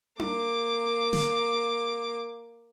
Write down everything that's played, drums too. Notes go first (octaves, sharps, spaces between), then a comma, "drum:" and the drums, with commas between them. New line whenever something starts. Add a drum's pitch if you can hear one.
A#3 D6, drum: tom D4
drum: snare